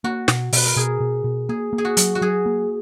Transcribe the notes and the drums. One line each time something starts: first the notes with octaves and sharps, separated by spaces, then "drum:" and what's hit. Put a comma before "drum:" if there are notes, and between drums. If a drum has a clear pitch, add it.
A#3 F#4
B2, drum: snare
B2 B4, drum: open hi-hat
A#4
B2 G#4
B2
B2
A#3 G#4
A#3
G#4
F#4
F#3, drum: hi-hat
F#4
F#3 G#4
A#3